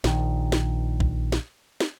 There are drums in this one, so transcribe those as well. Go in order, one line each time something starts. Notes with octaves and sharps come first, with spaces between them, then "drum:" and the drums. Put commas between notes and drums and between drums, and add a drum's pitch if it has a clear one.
A#1 D#3, drum: snare
drum: snare
drum: kick B1
drum: snare
drum: snare